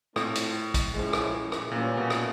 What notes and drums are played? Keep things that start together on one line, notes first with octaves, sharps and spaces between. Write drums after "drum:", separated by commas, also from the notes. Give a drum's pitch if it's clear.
A2 A3 C4 F4 A4 C5, drum: rim click
drum: hi-hat
drum: kick, hi-hat
F3 G#3 C#4 E4
drum: rim click
drum: rim click
A#2 E3 G3 A#3 C#4
B2
drum: rim click